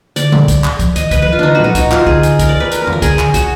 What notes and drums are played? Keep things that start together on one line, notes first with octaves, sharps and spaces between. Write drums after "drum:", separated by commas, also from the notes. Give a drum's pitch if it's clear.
D3 D5, drum: hi-hat
drum: tom A#2
drum: kick, hi-hat
drum: clap
F3, drum: kick, hi-hat
D#3 D#5, drum: hi-hat
D3 B4, drum: kick, hi-hat
F3 B4
D#3 F4
D3 D4 D#4
F#4
A#2 D#4, drum: tom F3
D#4, drum: kick, hi-hat
A#2
B2 F4, drum: clap
D3 G#4, drum: kick
drum: hi-hat
A#4, drum: kick, hi-hat
D5
B4
A#4, drum: hi-hat
A#4
D#3, drum: tom E2
A#4
D3 G#4, drum: kick, hi-hat
D3, drum: clap
F#4, drum: kick, hi-hat